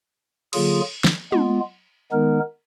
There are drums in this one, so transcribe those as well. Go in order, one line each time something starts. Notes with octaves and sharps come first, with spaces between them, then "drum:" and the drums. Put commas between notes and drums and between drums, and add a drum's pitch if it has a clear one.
D3 F#3 A#3 F4 G#4, drum: cymbal
drum: snare
G#3 B3 F4, drum: tom
D#3 G#3 B3 D#4 A#4